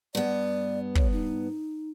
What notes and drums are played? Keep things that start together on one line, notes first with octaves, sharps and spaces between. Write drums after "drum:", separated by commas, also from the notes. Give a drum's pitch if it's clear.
G2 B3 D5
C#5, drum: kick
D#4